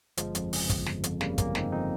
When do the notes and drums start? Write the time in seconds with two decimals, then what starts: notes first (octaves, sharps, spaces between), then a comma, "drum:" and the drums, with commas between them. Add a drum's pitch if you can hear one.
0.17 G1 F3 G#3, drum: hi-hat
0.35 F2, drum: hi-hat
0.53 C#3, drum: open hi-hat
0.70 G1, drum: kick, hi-hat
0.86 G1, drum: snare
1.04 F2, drum: hi-hat
1.21 C#3 G3 A#3, drum: snare
1.38 G1 A#3 C#4, drum: kick, hi-hat
1.55 G1 C4 D#4, drum: snare
1.72 F2 C4 D#4